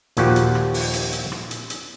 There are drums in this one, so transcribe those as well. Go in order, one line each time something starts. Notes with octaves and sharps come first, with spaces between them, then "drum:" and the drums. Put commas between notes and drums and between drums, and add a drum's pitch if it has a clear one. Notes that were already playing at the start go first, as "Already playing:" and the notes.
D#2 A#2 F3 F#4 G4, drum: hi-hat
drum: hi-hat
drum: rim click
drum: open hi-hat
drum: hi-hat
drum: hi-hat
drum: rim click
drum: hi-hat
drum: hi-hat